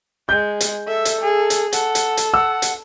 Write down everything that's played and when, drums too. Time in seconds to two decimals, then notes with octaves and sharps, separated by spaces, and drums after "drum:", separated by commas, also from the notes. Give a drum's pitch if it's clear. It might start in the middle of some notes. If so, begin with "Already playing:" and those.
0.29 G#3 G6
0.60 drum: hi-hat
0.87 A4 E5
1.05 drum: hi-hat
1.22 G#4
1.50 drum: hi-hat
1.73 A4 F#5, drum: hi-hat
1.95 drum: hi-hat
2.17 drum: hi-hat
2.34 F#5 E6
2.62 drum: hi-hat